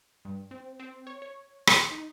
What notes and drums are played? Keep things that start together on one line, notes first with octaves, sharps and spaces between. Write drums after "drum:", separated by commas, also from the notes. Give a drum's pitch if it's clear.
G2
C4
C4
C#5
C#5
C6, drum: rim click
D#4